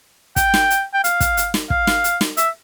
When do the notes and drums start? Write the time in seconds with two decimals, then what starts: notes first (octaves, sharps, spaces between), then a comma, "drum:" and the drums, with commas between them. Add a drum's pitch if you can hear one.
0.36 G5, drum: kick, hi-hat
0.54 drum: snare
0.70 drum: hi-hat
0.94 G5
1.04 F5, drum: hi-hat
1.20 drum: kick, hi-hat
1.37 drum: hi-hat
1.54 drum: snare
1.70 F5, drum: kick
1.87 drum: snare
2.04 drum: hi-hat
2.21 drum: snare
2.37 E5, drum: hi-hat